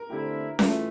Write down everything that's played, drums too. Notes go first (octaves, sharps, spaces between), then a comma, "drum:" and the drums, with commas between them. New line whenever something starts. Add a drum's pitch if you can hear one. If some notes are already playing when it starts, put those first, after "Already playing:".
Already playing: A#4
D3 A3 C4 E4 G4
A2 E3 A3 F4, drum: snare C#4